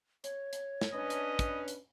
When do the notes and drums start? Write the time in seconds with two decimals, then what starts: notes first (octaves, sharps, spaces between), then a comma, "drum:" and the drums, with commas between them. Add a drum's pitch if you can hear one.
0.24 C#5, drum: hi-hat
0.53 drum: hi-hat
0.81 drum: snare
0.93 C#4 D4 B4 D#5
1.10 drum: hi-hat
1.39 drum: kick, hi-hat
1.68 drum: hi-hat